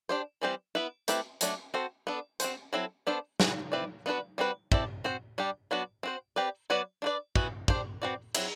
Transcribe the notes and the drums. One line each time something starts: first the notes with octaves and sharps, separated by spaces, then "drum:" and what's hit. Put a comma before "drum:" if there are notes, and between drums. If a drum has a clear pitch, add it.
D4 G4 C5
E3 G3 C4 G4 C5
B3 E4 B4
A3 C4 E4 G4 B4, drum: hi-hat
F#3 A3 D4, drum: hi-hat
C4 F#4 A4 C5
B3 D4 A4
C4 F#4 C5, drum: hi-hat
F#3 C4 E4 A4
B3 D4 A4 C5
E3 B3 F#4, drum: snare
C4 E4 B4 D5
B3 D4 F#4 B4
G3 C4 F#4 B4
C4 E4 A4 D5, drum: kick
C4 F#4 C5
G3 D4 G4
F#3 B3 D4 F#4 B4
C4 F#4 C5
C4 G4 B4 D5
F#3 B3 F#4 B4 D5
D4 F#4 B4 D5
E3 B3 F#4, drum: kick
D4 G4 C5, drum: kick
C4 F#4 B4 D5
F#3 C4 E4, drum: cymbal